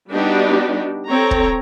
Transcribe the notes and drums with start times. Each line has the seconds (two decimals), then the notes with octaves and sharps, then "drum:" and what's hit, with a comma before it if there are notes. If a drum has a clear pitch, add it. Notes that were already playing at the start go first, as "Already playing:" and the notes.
0.11 G3 B3 D4 D#4 F#4 G4
1.08 C4 A4 C#5 A#5
1.31 drum: kick